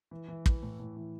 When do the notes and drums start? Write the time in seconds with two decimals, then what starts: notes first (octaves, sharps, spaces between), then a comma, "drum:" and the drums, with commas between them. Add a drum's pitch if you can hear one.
0.11 E3
0.28 E3
0.46 E3, drum: kick
0.62 A2
0.79 A2
0.97 E3